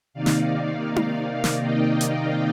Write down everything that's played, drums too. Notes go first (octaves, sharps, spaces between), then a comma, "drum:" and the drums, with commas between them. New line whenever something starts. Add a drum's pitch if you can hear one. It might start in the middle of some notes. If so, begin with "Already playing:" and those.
C3 D#3 A#3 D#4 D5 F5
drum: snare
drum: tom D#4
drum: snare
D#5 G5
D5 F5, drum: hi-hat